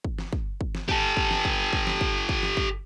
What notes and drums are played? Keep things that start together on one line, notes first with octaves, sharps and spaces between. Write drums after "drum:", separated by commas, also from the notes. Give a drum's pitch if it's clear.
drum: kick
drum: snare
drum: kick
drum: kick
drum: snare
G4 A4, drum: kick
drum: kick
drum: snare
drum: kick
drum: kick
drum: snare
drum: kick
drum: kick
drum: snare
drum: kick